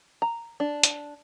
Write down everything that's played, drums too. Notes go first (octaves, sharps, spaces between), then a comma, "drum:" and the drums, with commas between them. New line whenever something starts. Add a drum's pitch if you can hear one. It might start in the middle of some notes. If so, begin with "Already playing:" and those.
A#5
D4
drum: hi-hat